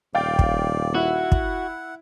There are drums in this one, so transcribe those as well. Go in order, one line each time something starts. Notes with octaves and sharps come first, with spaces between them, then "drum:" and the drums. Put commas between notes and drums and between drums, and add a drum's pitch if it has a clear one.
D#1 D5 F5 G5 A6
drum: kick
E4 F#4 F#5
drum: kick